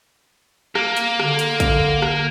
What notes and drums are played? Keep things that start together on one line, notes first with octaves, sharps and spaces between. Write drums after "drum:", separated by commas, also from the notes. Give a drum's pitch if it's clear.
A#3, drum: rim click
drum: hi-hat
D3, drum: rim click
drum: hi-hat
drum: kick, hi-hat
drum: rim click